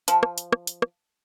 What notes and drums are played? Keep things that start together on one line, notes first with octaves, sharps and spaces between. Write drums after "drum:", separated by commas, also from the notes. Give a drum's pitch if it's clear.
F3, drum: hi-hat
drum: rim click
drum: hi-hat
drum: rim click
drum: hi-hat
drum: rim click